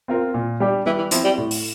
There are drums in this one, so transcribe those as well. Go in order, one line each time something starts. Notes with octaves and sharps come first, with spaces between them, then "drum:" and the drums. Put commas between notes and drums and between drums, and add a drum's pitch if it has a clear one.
C4 F4 A#4 F5
A#2
G3 D4 G4 D5
E3 G3
E3
F3 C4 E4, drum: hi-hat
G3
A2
drum: open hi-hat